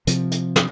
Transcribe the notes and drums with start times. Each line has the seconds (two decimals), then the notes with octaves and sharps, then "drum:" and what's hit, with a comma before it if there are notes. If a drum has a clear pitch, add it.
0.07 C3 F3 C4, drum: hi-hat
0.31 drum: hi-hat
0.56 drum: snare